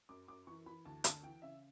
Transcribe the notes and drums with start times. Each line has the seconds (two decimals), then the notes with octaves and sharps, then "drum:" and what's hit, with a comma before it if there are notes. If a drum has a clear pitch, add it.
0.09 F#2 D6
0.28 F#2 D6
0.47 E3 C#6
0.66 E3 B5
0.85 D2 A5
1.04 D2 A5, drum: hi-hat
1.23 E3 G5
1.42 C#3 E5